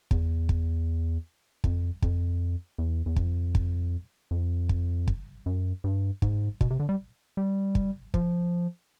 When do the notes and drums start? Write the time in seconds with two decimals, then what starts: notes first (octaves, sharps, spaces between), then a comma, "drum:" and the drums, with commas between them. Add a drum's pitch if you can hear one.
0.11 E2, drum: kick
0.49 drum: kick
1.64 F2, drum: kick
2.02 F2, drum: kick
2.78 E2
3.06 E2
3.16 F2, drum: kick
3.55 drum: kick
4.31 F2
4.69 drum: kick
5.08 drum: kick
5.46 F#2
5.84 G2
6.22 G#2, drum: kick
6.61 B2, drum: kick
6.71 C3
6.80 D3
6.89 G3
7.37 G3
7.75 drum: kick
8.14 F3, drum: kick